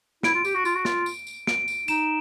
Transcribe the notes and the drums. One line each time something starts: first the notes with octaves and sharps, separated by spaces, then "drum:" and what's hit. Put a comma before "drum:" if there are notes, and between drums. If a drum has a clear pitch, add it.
E4 D7, drum: snare
F4
G4, drum: tambourine
F#4
F4, drum: tambourine
F#4
F4, drum: snare
drum: tambourine
drum: tambourine
D7, drum: snare
drum: tambourine
D#4 E7, drum: tambourine